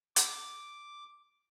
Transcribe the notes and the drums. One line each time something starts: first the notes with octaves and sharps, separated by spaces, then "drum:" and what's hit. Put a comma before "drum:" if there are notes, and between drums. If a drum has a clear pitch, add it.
D6, drum: hi-hat